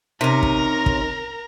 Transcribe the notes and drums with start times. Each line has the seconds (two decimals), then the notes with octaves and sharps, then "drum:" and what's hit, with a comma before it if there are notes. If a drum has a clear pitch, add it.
0.21 C3 C#4 D#4 A#4 A#5
0.43 drum: kick
0.86 drum: kick